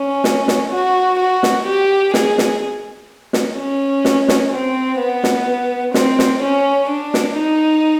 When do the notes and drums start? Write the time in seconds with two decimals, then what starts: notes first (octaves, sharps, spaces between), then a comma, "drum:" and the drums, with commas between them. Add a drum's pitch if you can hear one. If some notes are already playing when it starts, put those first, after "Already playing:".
Already playing: C#4
0.24 drum: snare
0.48 drum: snare
0.72 F#4
1.19 F#4
1.43 drum: snare
1.67 G4
2.14 G#4, drum: snare
2.38 drum: snare
3.33 drum: snare
3.57 C#4
4.05 drum: snare
4.28 drum: snare
4.52 C4
4.99 B3
5.24 drum: snare
5.94 C4, drum: snare
6.19 drum: snare
6.42 C#4
6.89 D4
7.14 drum: snare
7.37 D#4